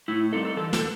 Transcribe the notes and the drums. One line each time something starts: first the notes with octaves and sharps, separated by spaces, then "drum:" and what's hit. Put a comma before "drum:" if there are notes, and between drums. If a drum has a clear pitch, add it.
A2 E4
G3 C4 D#4 A4
A4
E3 A4
A4, drum: snare